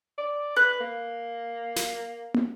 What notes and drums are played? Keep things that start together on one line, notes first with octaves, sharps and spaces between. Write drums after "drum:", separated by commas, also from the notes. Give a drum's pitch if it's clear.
D5
B4 F#6
A#3
drum: snare
drum: tom